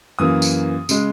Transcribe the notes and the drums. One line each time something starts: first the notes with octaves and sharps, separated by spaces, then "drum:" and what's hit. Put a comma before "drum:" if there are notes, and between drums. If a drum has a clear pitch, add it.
F#2 E3 A#3 D#6
drum: tambourine
C#3 G#3, drum: tambourine